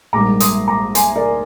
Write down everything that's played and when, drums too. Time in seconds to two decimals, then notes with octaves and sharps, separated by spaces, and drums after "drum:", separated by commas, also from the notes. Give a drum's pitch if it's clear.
0.13 A#1 G#2 G3 A#3 A#5 D6
0.40 C6 D#6, drum: hi-hat
0.68 A#5 D6
0.95 G#5 C6, drum: hi-hat
1.16 A#4 D5